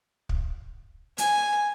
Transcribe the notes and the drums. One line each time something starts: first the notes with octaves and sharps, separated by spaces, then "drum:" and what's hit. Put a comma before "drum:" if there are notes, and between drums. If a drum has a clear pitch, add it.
drum: kick
G#5, drum: hi-hat